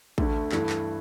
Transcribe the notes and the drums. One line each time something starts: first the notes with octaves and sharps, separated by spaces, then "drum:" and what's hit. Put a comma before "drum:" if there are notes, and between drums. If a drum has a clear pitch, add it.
D2 D3 A3, drum: kick
G2 E3 A3, drum: clap
drum: clap